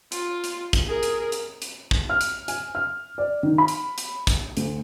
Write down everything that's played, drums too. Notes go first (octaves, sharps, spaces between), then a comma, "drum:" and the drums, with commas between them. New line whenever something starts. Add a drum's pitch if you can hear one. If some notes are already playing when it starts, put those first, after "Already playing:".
F4, drum: hi-hat
drum: hi-hat
drum: kick, hi-hat
G#4 A#4
drum: hi-hat
drum: hi-hat
drum: hi-hat
drum: kick
F6
drum: hi-hat
G#5, drum: hi-hat
F6
D5
D#3
B5
drum: hi-hat
drum: hi-hat
drum: kick, hi-hat
D2, drum: hi-hat